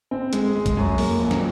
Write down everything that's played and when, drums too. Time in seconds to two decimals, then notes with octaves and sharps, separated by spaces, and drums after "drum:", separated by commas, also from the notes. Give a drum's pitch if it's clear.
0.11 C4
0.33 G#3, drum: hi-hat
0.56 G#3
0.66 drum: kick B1, hi-hat
0.77 F#2
0.98 A#3, drum: open hi-hat
1.20 F2
1.31 drum: snare